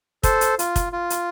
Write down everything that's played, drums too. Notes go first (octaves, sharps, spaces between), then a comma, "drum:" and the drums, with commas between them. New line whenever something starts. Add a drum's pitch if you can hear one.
A4 C5, drum: kick, hi-hat
drum: hi-hat
F4, drum: hi-hat
drum: kick, hi-hat
F4
drum: hi-hat